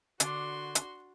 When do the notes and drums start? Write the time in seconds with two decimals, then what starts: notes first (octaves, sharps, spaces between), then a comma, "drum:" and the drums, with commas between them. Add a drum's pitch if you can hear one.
0.20 D3 F#4 C6, drum: hi-hat
0.75 drum: hi-hat